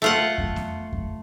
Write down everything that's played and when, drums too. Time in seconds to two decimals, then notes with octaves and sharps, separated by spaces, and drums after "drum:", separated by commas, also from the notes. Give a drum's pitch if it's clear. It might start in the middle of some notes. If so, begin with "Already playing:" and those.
0.02 A3 F4 F#5
0.38 drum: kick F2
0.56 drum: snare B3
0.93 drum: kick F2